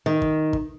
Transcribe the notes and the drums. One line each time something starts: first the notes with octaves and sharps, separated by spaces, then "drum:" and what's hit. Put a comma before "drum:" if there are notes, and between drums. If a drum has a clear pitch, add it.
D#3
drum: kick
drum: kick